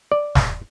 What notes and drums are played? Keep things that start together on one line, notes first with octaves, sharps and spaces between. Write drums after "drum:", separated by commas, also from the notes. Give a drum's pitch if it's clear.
D5
drum: snare